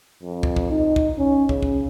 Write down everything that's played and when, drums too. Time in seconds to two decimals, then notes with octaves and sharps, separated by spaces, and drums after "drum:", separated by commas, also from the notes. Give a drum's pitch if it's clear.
0.23 F2
0.43 drum: kick
0.56 drum: kick
0.70 D#4
0.96 drum: kick
1.18 C#4
1.49 C#3, drum: kick
1.63 drum: kick